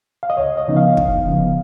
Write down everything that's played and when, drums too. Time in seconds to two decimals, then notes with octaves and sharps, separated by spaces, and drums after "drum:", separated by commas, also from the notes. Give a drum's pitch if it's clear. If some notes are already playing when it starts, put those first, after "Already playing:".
0.23 F5
0.30 D#5
0.37 C#2 C#5
0.57 D#5
0.68 C#3 F3 B3 D#4
0.77 F5
0.97 C#2, drum: kick
1.27 C#3 F3 B3